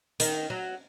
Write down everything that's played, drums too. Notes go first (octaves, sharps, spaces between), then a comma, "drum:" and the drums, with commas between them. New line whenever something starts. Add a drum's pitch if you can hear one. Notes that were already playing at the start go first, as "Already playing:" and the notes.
D#3, drum: hi-hat
F#3